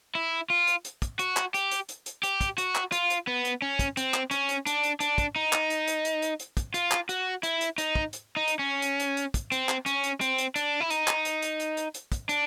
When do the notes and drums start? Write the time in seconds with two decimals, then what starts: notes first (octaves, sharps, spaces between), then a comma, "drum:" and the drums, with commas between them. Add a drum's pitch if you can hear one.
0.15 E4
0.50 F4
0.67 drum: hi-hat
0.85 drum: hi-hat
1.02 drum: kick, hi-hat
1.19 F#4, drum: hi-hat
1.37 drum: clap
1.54 G4, drum: hi-hat
1.71 drum: hi-hat
1.89 drum: hi-hat
2.06 drum: hi-hat
2.23 G4, drum: hi-hat
2.41 drum: kick, hi-hat
2.58 F#4, drum: hi-hat
2.75 drum: clap
2.92 F4, drum: hi-hat
3.10 drum: hi-hat
3.27 B3
3.45 drum: hi-hat
3.62 C#4
3.79 drum: kick, hi-hat
3.97 C4, drum: hi-hat
4.14 drum: clap
4.31 C#4, drum: hi-hat
4.49 drum: hi-hat
4.66 D4, drum: hi-hat
4.83 drum: hi-hat
5.00 D4, drum: hi-hat
5.18 drum: kick, hi-hat
5.36 D#4
5.53 drum: clap
5.70 drum: hi-hat
5.87 drum: hi-hat
6.05 drum: hi-hat
6.22 drum: hi-hat
6.39 drum: hi-hat
6.57 drum: kick, hi-hat
6.74 F4, drum: hi-hat
6.91 drum: clap
7.09 F#4, drum: hi-hat
7.43 E4, drum: hi-hat
7.61 drum: hi-hat
7.78 D#4, drum: hi-hat
7.95 drum: kick
8.13 drum: hi-hat
8.37 D#4
8.47 drum: hi-hat
8.59 C#4
8.82 drum: hi-hat
9.00 drum: hi-hat
9.17 drum: hi-hat
9.34 drum: kick, hi-hat
9.52 C4, drum: hi-hat
9.69 drum: clap
9.86 C#4, drum: hi-hat
10.04 drum: hi-hat
10.21 C4, drum: hi-hat
10.38 drum: hi-hat
10.56 D4, drum: hi-hat
10.80 E4
10.90 D#4, drum: hi-hat
11.08 drum: clap
11.25 drum: hi-hat
11.42 drum: hi-hat
11.60 drum: hi-hat
11.77 drum: hi-hat
11.94 drum: hi-hat
12.12 drum: kick, hi-hat
12.29 D4, drum: hi-hat